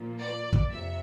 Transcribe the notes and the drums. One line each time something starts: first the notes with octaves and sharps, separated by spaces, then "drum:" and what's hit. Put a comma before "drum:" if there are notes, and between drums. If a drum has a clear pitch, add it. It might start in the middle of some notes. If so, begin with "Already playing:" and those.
Already playing: A#2 F3 A#3 F4
D5
drum: kick
F2 C3 E5